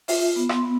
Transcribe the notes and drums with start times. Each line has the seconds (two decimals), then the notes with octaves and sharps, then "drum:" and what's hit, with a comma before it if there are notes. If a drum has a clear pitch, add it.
0.08 F4 E5, drum: open hi-hat
0.36 B3
0.49 C6, drum: rim click
0.63 B3